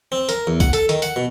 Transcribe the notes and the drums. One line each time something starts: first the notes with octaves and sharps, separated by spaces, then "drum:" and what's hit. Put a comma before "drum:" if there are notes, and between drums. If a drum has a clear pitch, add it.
C4
A#4, drum: hi-hat
E2
F#5, drum: kick C2, hi-hat
A4, drum: hi-hat
D#3, drum: hi-hat
F#5, drum: hi-hat
B2